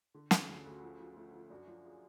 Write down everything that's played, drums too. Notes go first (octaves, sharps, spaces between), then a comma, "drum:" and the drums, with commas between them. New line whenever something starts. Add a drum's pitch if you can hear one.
D3
D3 C#4 F4, drum: snare
A4
D2 F4 G#4
D2 F#4 A4
F3
F3
F3 A3 C#4
F3
F#2 D4 F#4
F3
F4 G#4